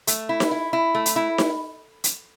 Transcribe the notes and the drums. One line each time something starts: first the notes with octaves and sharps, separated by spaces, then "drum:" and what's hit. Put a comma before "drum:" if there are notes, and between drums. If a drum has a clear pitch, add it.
A3, drum: hi-hat
E4
drum: snare D#4
E4
E4
A3
drum: hi-hat
E4
drum: snare D#4
drum: hi-hat